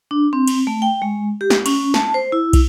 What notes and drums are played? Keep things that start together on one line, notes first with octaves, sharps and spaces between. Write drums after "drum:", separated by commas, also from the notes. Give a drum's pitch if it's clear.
D4
C4
drum: cymbal
A3
G5
G#3
G4
drum: snare
C#4, drum: cymbal
A5, drum: snare
C5
E4
drum: kick, cymbal